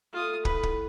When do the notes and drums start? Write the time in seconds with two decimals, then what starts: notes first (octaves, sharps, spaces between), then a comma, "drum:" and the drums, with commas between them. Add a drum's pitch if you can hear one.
0.13 A3 F4 D#6
0.45 A2 B4, drum: kick
0.63 drum: kick